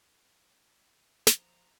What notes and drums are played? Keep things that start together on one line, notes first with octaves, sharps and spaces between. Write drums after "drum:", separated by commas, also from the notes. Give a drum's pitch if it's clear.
F3 A#5, drum: snare